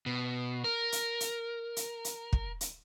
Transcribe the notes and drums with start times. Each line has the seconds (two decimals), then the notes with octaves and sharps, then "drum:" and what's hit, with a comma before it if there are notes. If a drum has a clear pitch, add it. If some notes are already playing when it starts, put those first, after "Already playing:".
0.06 B2
0.64 A#4
0.92 drum: hi-hat
1.20 drum: hi-hat
1.77 drum: hi-hat
2.05 drum: hi-hat
2.33 drum: kick
2.61 drum: hi-hat